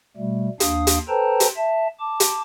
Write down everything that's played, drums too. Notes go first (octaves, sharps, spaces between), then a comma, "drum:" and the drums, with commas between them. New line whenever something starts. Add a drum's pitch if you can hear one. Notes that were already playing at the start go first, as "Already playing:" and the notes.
B2 G3 A3
D#2 D4 F5 D#6, drum: hi-hat
drum: hi-hat
A4 B4 C5 G5 A5 A#5
drum: hi-hat
E5 A5
A5 D6
drum: hi-hat